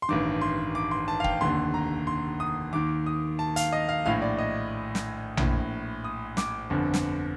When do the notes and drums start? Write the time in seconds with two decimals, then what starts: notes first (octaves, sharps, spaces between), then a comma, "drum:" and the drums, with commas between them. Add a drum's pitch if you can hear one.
0.02 C6
0.09 A1 G2 D#3 D6
0.41 C6
0.75 D6
0.91 C6
1.08 A5
1.20 F5
1.24 G5, drum: kick
1.41 F1 D#2 D3 C6
1.74 A#5
2.07 C6
2.40 D#6
2.73 D#2 D#3 D6
3.06 D#6
3.39 A5
3.56 F5, drum: hi-hat
3.72 D#5
3.89 F5
4.06 A#1 A2 F5
4.22 D5
4.39 D#5
4.95 drum: snare
5.37 A#1 A2, drum: tom A#1
6.04 D#6
6.37 D6, drum: snare
6.70 G1 F2 D3
6.94 drum: snare